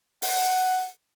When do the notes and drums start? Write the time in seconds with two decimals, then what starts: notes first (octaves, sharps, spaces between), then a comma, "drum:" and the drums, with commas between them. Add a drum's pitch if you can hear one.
0.22 F#5, drum: open hi-hat